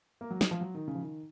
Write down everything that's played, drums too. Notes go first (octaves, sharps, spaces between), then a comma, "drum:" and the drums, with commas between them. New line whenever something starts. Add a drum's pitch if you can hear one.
A#3
F#3
G#3, drum: snare
F3
F#3
D#3
C#3
F3
D#3